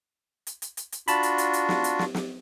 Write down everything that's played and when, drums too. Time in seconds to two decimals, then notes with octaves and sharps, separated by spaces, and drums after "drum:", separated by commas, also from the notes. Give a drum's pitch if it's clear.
0.47 drum: hi-hat
0.62 drum: hi-hat
0.77 drum: hi-hat
0.92 drum: hi-hat
1.08 D4 F4 F#4 A5 B5, drum: hi-hat
1.23 drum: hi-hat
1.38 drum: hi-hat
1.53 drum: hi-hat
1.69 drum: snare
1.84 drum: hi-hat
1.99 drum: snare
2.14 drum: snare